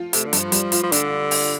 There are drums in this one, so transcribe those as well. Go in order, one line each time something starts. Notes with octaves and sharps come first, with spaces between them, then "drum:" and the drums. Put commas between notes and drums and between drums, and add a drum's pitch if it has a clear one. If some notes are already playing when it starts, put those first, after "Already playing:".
Already playing: F3 F4
C3 A3, drum: hi-hat
D3
G2, drum: hi-hat
F3
G3, drum: hi-hat
F4, drum: hi-hat
F3
D3 D4, drum: hi-hat
drum: open hi-hat